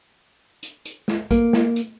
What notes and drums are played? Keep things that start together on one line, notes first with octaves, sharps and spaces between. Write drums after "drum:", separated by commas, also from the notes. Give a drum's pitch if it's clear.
drum: hi-hat
drum: hi-hat
drum: snare
A#3, drum: kick, hi-hat
drum: snare
drum: hi-hat